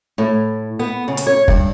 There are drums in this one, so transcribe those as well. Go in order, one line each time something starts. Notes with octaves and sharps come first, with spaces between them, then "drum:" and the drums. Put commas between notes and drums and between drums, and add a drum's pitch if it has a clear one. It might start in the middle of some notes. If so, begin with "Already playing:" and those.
A2
B3
C#3
drum: hi-hat
C#5
G2, drum: kick